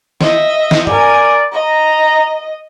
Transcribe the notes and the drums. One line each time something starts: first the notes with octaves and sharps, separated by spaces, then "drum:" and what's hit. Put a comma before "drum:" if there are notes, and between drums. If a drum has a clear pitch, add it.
D#5 E5, drum: snare
drum: snare
A#4 D5 G#5, drum: tom G2
D#5 A#5